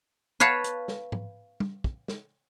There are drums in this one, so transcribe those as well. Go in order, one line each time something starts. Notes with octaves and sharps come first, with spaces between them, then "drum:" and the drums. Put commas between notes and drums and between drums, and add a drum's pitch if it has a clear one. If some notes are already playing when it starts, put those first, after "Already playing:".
B4 C#5 F5 A5
drum: hi-hat
drum: snare
drum: tom G#2
drum: tom
drum: kick
drum: snare